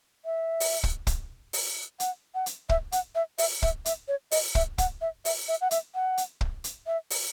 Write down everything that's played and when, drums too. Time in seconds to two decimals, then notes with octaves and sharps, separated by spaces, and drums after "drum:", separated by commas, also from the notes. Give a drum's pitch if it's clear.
0.25 E5
0.60 drum: open hi-hat
0.83 drum: kick
1.07 drum: kick, hi-hat
1.53 drum: open hi-hat
2.00 F#5, drum: hi-hat
2.35 F#5
2.46 drum: hi-hat
2.69 E5, drum: kick
2.92 F#5, drum: hi-hat
3.15 E5
3.38 E5, drum: open hi-hat
3.62 E5, drum: kick
3.85 E5, drum: hi-hat
4.08 C#5
4.31 D#5, drum: open hi-hat
4.55 E5, drum: kick
4.78 F#5, drum: kick, hi-hat
5.01 E5
5.25 E5, drum: open hi-hat
5.48 E5
5.61 F#5
5.71 E5, drum: hi-hat
5.95 F#5
6.18 drum: hi-hat
6.41 drum: kick
6.64 drum: hi-hat
6.87 E5
7.10 drum: open hi-hat